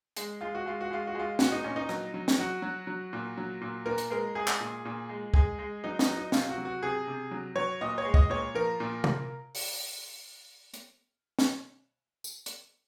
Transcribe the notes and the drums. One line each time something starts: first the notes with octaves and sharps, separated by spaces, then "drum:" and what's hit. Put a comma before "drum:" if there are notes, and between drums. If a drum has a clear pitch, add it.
G#3, drum: hi-hat
G#3 F4
F#4
G#3 F4
F#4
G#3 F4
F#4
G#3 F4
A#2 F#4, drum: snare
D#4
A#2 C#4
D#4
F#3, drum: rim click
F#3
drum: snare
F#3 F#4
F#3
F#3
A#2
F#3
A#2
A#2 A#4
drum: hi-hat
G#3 A#4
G#3 G#4
drum: clap
A#2
A#2
G#3
G#3 G#4, drum: kick
G#3
F#3 D#4
D#4, drum: snare
F#3
D#4
C3 F4, drum: snare
F#4
F#3
F#4
C3 G#4
C3
F#3
F#3 C#5
A#2 D#5
C#5
G#3
D#5, drum: kick
A#2 C#5
F3 A#4
A#2
A#2, drum: tom C3
drum: open hi-hat
drum: hi-hat
drum: snare
drum: tambourine
drum: hi-hat